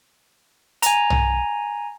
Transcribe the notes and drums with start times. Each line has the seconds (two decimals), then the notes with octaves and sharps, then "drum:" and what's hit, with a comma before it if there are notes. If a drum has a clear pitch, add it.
0.82 G#5 A#5, drum: hi-hat
1.10 drum: tom B1